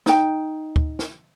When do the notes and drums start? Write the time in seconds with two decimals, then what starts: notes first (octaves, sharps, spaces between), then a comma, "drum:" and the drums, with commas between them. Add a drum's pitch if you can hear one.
0.06 D#4 G5, drum: snare
0.76 drum: kick D2
0.99 drum: snare